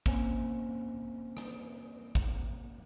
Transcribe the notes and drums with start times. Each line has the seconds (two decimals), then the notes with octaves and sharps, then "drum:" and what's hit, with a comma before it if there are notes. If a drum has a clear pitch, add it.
0.06 A#3 C4 C#4 C5 C#5 G#5, drum: kick
1.37 drum: rim click
2.15 drum: kick